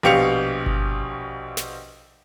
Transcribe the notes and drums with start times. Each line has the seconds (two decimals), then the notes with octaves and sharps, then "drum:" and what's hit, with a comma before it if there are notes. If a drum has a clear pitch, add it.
0.03 A#1 B2 G4 F5 C#7 F7
0.66 drum: kick G1
1.57 drum: snare